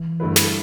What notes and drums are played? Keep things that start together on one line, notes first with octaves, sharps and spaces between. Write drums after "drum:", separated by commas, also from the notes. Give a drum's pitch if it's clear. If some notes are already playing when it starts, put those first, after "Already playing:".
Already playing: E3
G2 D3 A3 E4 B4
drum: snare